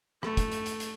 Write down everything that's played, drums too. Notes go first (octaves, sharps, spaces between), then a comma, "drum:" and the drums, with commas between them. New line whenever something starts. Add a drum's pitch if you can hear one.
A3, drum: rim click
drum: kick, hi-hat
drum: hi-hat
drum: hi-hat
drum: hi-hat